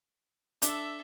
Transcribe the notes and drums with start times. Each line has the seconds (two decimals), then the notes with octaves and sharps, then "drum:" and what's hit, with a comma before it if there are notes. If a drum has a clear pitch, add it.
0.62 D4 A4 E5, drum: hi-hat